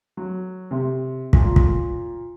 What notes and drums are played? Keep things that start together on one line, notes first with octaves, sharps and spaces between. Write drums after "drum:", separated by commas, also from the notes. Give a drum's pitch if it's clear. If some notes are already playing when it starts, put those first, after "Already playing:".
F#3
C3
A#2, drum: kick
drum: kick